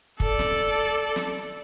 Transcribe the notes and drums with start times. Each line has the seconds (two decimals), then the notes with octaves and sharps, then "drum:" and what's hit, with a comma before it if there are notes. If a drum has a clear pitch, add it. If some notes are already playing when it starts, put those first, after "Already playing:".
0.20 A4 D5, drum: kick
0.39 drum: snare
1.16 drum: snare